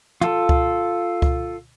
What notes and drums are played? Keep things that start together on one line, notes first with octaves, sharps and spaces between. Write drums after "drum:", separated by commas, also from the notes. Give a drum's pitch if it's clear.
F4 A4, drum: tom
drum: kick C#2
drum: kick C#2